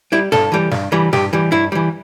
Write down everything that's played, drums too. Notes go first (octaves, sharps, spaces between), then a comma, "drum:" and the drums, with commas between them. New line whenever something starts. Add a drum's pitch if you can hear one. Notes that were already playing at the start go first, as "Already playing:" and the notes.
G3 E4
G2 A4, drum: snare
E3 G3
G2, drum: snare
E3 G3
G2 G4, drum: snare
E3 G3
G2 E4
E3 G3